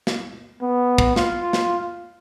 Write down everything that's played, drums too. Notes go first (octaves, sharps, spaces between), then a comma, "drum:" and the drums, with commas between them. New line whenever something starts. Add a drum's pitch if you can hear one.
drum: snare
B3
drum: kick
F4, drum: snare
drum: snare